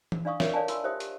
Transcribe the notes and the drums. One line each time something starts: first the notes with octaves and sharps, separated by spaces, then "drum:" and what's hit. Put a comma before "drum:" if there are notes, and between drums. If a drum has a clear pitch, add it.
drum: tom E3
D4 D5 F5 C#6 D#6
A#4 C#5 E5, drum: snare
A4 C#5 D5 F5 G#5 A5
F4 C6 E6, drum: hi-hat
G4 C5 E5 G5 D#6
G4, drum: hi-hat